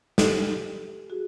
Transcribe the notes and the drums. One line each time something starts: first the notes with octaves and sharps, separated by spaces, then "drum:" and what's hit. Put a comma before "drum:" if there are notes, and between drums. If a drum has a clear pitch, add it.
G4 A4, drum: snare
F#4 G#4